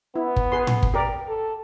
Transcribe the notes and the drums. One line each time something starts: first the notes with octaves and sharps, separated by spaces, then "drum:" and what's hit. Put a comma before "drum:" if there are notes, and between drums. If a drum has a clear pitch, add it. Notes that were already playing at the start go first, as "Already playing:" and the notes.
B3 E4
drum: kick
G#4 B4 C6
drum: tom A2
drum: kick
G4 A#4 D5
A4